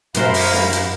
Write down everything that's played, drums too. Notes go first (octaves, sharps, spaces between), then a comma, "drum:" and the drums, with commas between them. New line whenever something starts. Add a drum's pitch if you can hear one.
F#2 A#4 C5 F5 B5, drum: hi-hat
drum: open hi-hat
drum: snare
drum: hi-hat